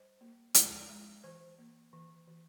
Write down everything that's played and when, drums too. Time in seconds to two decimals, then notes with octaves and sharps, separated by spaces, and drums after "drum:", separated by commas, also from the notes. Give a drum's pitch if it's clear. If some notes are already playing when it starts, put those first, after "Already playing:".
Already playing: G3 C5
0.21 A#3
0.54 G#3, drum: hi-hat
0.90 G#3
1.24 E3 C5
1.59 A#3
1.93 E3
2.28 E3